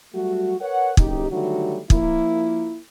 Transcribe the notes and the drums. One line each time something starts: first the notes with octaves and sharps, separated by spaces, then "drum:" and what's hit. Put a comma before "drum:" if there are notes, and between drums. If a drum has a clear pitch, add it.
F#3 G3 A3 F#4
A#4 B4 C#5 F#5
F#1 D#4 G4, drum: kick
D3 D#3 F#3 G3 A3 F#4
F3 A#3 E4, drum: kick